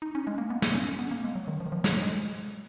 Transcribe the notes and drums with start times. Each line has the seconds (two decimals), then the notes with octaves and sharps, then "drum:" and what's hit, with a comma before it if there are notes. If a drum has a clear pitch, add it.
0.02 D#4
0.15 C#4
0.27 G#3
0.38 A#3
0.50 B3
0.62 A#3, drum: snare
0.75 C#4
0.87 C#4
0.99 B3
1.11 A#3
1.24 G#3
1.35 F#3
1.48 D#3
1.60 F3
1.66 D#3
1.72 F3
1.84 F#3, drum: snare
2.02 G#3